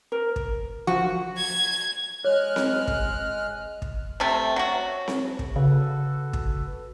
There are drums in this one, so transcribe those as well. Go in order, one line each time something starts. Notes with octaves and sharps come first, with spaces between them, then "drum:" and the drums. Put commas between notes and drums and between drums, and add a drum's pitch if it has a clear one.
A#4
drum: kick
F3 F#4
G#6
G#3 C#5 F6 F#6
drum: snare C4
drum: kick
drum: kick
C3 A3
F#3 F#4
drum: snare C4
drum: kick
C#3 F#4 A4 B4
drum: kick